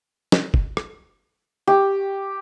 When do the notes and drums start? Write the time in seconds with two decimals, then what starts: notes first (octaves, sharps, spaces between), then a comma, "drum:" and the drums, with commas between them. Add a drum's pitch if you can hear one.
0.32 drum: snare
0.54 drum: kick
0.77 drum: rim click
1.67 G4